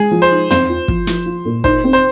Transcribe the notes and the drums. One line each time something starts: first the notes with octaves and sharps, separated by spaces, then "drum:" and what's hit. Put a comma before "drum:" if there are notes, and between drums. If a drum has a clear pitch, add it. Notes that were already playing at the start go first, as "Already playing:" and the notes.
Already playing: G#3 G#4
F3
C5
D#4
C4 C5, drum: tom
F4
F3, drum: kick
F3, drum: snare
F4
A#2
D#4 C5, drum: kick
C4
C5